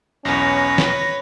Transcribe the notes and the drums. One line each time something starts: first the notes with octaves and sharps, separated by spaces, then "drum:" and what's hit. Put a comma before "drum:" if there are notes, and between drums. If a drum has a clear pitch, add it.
B1 E2 C#4 B4 C#5 A#6
drum: snare